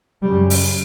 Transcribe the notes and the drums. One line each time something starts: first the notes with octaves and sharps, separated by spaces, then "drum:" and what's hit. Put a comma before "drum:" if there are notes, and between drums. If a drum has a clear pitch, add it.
F#2 C#3 G3
drum: open hi-hat